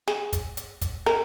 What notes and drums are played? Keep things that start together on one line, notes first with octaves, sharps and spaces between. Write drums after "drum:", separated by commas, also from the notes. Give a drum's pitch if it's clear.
G#4, drum: snare
drum: kick, hi-hat
drum: hi-hat
drum: kick, hi-hat
A#4, drum: snare